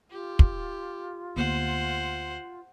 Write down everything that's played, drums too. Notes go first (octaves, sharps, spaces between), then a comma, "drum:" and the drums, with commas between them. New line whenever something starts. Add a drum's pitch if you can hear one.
F4 G4
drum: kick
D2 A#3 B3 C5 F#5